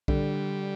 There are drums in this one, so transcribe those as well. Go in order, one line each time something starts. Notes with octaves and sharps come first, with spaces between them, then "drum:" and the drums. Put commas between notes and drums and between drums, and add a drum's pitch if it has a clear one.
D3 G3, drum: kick